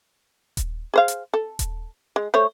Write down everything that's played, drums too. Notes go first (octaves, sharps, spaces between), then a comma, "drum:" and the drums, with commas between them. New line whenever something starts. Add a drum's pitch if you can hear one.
drum: kick D#1, hi-hat
G#4 C5 F5
drum: hi-hat
A4
drum: kick D#1, hi-hat
G#3
A3 C5 C#5